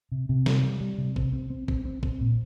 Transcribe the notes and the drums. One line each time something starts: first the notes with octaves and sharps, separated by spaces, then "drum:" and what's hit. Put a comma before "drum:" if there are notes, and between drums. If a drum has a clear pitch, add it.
C3
C3
G3, drum: snare
G3
G3
C3
C4, drum: kick
C4
C4
C4, drum: kick
C4
C4, drum: kick
A#2